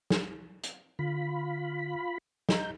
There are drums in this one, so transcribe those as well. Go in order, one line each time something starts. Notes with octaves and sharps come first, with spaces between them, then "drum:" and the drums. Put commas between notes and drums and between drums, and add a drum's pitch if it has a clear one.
drum: snare
drum: hi-hat
D3 F4 B5
D#5 A#5 G6, drum: snare